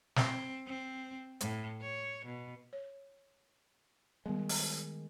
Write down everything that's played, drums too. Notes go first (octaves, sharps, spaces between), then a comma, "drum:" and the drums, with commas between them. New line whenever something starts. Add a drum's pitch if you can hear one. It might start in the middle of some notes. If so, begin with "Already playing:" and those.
C4, drum: snare
C4
A2, drum: hi-hat
C#5
B2
C#5
D#3 G3 G#3 B3
drum: open hi-hat